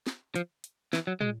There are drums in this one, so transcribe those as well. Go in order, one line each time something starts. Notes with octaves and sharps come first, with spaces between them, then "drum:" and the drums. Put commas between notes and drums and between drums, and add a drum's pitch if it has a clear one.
drum: snare
F3, drum: hi-hat
drum: hi-hat
E3, drum: snare
F#3
G#3, drum: tom